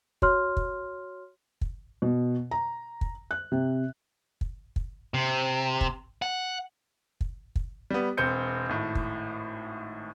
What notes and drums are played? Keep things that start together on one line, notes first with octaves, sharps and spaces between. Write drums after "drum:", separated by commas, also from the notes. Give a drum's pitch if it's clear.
F#4 C#5 C6 F6, drum: kick
drum: kick
drum: kick
B2
A#5
drum: kick
F#6
C3
drum: kick
drum: kick
C3
drum: kick
F#5
drum: kick
drum: kick
G3 B3
E1 C4 G6 C#7
G#1 A2
drum: kick